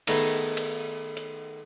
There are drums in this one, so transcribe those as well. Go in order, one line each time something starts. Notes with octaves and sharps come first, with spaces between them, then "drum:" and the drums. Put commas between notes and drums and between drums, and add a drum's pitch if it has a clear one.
D#3 A3 B3 D#4 G#4, drum: cymbal
drum: cymbal
drum: hi-hat